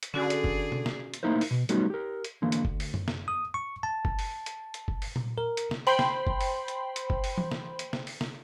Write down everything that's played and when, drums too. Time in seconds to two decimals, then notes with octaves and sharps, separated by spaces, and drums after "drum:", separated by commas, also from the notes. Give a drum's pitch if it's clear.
0.03 drum: hi-hat
0.14 D3 C#4 F#4 G#4 D5 G#5
0.30 drum: hi-hat
0.44 drum: kick F#1
0.72 drum: tom B2
0.86 drum: snare
1.14 drum: hi-hat
1.23 A3 A#3 D#4 E4 A#4 C5
1.41 drum: open hi-hat
1.51 B2
1.69 G3 A3 B3 C#4 D#4 F#4, drum: hi-hat
1.90 G4 A#4
2.25 drum: hi-hat
2.42 D3 E3 A#3
2.52 drum: hi-hat
2.65 D2, drum: kick F#1
2.80 drum: open hi-hat
2.94 drum: tom F#2
3.08 drum: snare
3.28 D#6
3.54 C#6
3.83 A5
4.05 drum: kick F#1
4.19 drum: open hi-hat
4.46 drum: hi-hat
4.74 drum: hi-hat
4.88 drum: kick F#1
5.02 drum: open hi-hat
5.16 drum: tom A#2
5.38 A#4
5.57 drum: hi-hat
5.71 drum: snare
5.87 C5 G5 B5 C6, drum: open hi-hat
5.99 drum: snare
6.27 drum: kick F#1
6.41 drum: open hi-hat
6.68 drum: hi-hat
6.96 drum: hi-hat
7.10 drum: kick F#1
7.24 drum: open hi-hat
7.38 drum: tom E3
7.51 drum: snare
7.79 drum: hi-hat
7.93 drum: snare
8.07 drum: open hi-hat
8.21 drum: snare